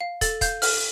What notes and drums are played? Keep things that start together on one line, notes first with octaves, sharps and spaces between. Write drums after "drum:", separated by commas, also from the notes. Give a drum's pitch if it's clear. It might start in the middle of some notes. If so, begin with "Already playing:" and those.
F5
A4 A6, drum: kick, hi-hat
F5 G6, drum: kick, hi-hat
A4 F6, drum: open hi-hat